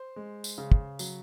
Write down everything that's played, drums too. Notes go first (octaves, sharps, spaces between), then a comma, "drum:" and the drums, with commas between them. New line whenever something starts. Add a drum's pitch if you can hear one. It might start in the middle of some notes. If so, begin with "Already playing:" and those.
Already playing: C5
G#3
drum: tambourine
C#3
drum: kick
F#3, drum: tambourine